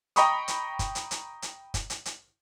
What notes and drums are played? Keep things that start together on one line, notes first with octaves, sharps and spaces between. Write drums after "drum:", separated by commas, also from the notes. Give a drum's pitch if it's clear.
D#5 G5 A#5 B5 C#6 D#6, drum: hi-hat
drum: hi-hat
drum: kick, hi-hat
drum: hi-hat
drum: hi-hat
drum: hi-hat
drum: kick, hi-hat
drum: hi-hat
drum: hi-hat